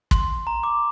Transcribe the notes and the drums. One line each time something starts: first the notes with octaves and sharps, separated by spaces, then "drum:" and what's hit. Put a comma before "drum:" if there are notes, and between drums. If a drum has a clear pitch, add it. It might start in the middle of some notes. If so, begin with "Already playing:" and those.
C6, drum: kick
A#5
D6